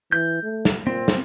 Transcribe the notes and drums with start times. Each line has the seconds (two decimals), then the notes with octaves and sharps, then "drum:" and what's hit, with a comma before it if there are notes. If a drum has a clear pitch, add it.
0.12 E3 G6
0.43 A3
0.65 drum: snare
0.87 A#2 C4
1.08 drum: snare